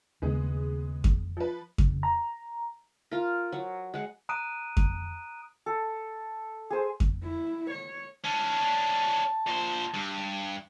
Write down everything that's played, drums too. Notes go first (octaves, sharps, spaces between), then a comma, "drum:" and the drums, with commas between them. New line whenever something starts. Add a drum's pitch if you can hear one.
D#2 C#3 G#3 B3 G#4
drum: kick F2
F3 B4
C#3, drum: kick F2
A#5
F4 A#4
F#3
G#3 F#5
A#5 D#6 F#6 D7 D#7
drum: kick F2
A4
G#4 C5
drum: kick F2
E4
C#5
C#4 D4 A5
A#2 C5
G2